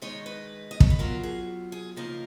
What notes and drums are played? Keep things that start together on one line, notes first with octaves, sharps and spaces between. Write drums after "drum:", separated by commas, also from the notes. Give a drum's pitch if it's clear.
D#3 G#3 D#4 C#5
B4
D#5
C#5, drum: kick
B4
F#3 B3 F4 A#4
G#4
G#4
C#3 F3 A#3 D#4 A#4